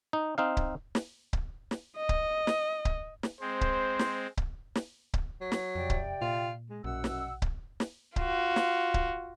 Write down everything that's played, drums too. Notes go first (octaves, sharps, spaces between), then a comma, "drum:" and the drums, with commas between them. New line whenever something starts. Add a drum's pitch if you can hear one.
D#4
C4 D#4 F5
drum: kick C#1
drum: snare
drum: kick C#1
drum: snare
D#5
drum: kick C#1
drum: snare
drum: kick C#1
drum: snare
G#3 C4 C5
drum: kick C#1
drum: snare
drum: kick C#1
drum: snare
drum: kick C#1
F#3
drum: snare
F2 C3 D5 G5
drum: kick C#1
A#2 F4
G#3
A#1 F#2 B2 F#5 E6
drum: snare
drum: kick C#1
drum: snare
F4 F#4, drum: kick C#1
drum: snare
drum: kick C#1